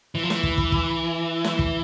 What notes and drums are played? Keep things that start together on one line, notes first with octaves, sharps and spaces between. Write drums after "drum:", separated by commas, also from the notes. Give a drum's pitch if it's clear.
E3
F3
E3, drum: snare
drum: kick
drum: kick
drum: kick
drum: snare
drum: kick